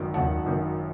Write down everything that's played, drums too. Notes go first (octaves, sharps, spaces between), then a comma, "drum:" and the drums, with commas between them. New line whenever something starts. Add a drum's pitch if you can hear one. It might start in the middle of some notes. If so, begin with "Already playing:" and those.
Already playing: G#1 F#2 D#3
G#1 F#2 D#3 F#5 A5, drum: tom D#2
G#1 F#2 D#3